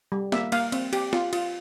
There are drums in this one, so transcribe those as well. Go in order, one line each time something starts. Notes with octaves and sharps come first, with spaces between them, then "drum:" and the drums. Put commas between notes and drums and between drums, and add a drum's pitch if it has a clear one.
G3
A#3 E5, drum: snare
A#3 F5, drum: cymbal
C4, drum: cymbal
G4, drum: cymbal
F4, drum: snare
F4, drum: cymbal